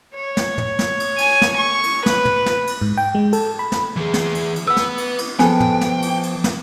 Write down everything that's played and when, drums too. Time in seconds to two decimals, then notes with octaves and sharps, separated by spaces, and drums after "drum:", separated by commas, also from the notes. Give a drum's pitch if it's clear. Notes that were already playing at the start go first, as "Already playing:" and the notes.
0.14 C#5
0.37 drum: snare
0.58 drum: tom
0.79 drum: snare
1.00 drum: cymbal
1.18 G#5, drum: cymbal
1.42 drum: snare
1.57 C#6
1.83 drum: cymbal
2.06 B4, drum: snare
2.25 drum: tom
2.46 drum: snare
2.67 drum: cymbal
2.82 G#2
2.97 G5
3.15 G#3
3.33 A4, drum: cymbal
3.59 B5
3.72 drum: snare
3.96 E3 G#4
4.14 drum: snare
4.35 drum: cymbal
4.56 drum: cymbal
4.68 B4 F#5 E6
4.77 drum: snare
4.98 drum: cymbal
5.18 drum: cymbal
5.39 F3 B3 G#4 A4 G5 G#5, drum: snare
5.60 drum: tom
5.81 drum: snare
6.02 drum: cymbal
6.23 drum: cymbal
6.44 drum: snare